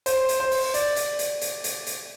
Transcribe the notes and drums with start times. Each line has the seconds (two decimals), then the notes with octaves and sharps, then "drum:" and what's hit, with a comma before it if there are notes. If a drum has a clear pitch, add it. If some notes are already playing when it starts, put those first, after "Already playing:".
0.06 C5, drum: hi-hat
0.29 drum: hi-hat
0.40 C5
0.51 drum: open hi-hat
0.74 D5, drum: hi-hat
0.96 drum: hi-hat
1.19 drum: hi-hat
1.41 drum: hi-hat
1.64 drum: hi-hat
1.87 drum: hi-hat